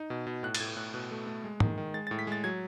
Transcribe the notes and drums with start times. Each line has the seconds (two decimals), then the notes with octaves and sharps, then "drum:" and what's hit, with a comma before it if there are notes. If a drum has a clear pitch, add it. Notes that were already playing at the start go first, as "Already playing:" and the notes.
Already playing: D#4
0.10 B2
0.27 B2
0.43 A2 F#6
0.55 A6, drum: cymbal
0.60 A2 G#6
0.76 A2 F#6
0.94 B2 F#6
1.11 A3
1.27 A3
1.44 G#3
1.60 D#3, drum: tom
1.78 D#3
1.94 G#3 A6
2.07 A2 A6
2.19 B6
2.27 G#3 A6
2.44 F#3 G#6